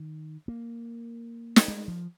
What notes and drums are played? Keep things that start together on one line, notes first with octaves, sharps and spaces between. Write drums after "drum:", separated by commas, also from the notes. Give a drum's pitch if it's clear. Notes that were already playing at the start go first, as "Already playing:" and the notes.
Already playing: D#3
A#3
drum: snare
G#3
F3